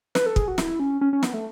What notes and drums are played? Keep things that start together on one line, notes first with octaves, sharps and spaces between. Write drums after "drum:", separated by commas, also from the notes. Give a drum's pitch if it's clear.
B4, drum: snare
A4
G#4, drum: kick
F#4
E4, drum: snare
C#4
C#4
C#4
B3, drum: snare
A3